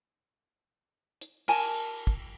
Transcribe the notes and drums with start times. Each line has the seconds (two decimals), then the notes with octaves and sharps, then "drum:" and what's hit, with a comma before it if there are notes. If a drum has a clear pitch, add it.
1.21 drum: hi-hat
1.48 A#4 G#5 A5, drum: cymbal
2.07 drum: kick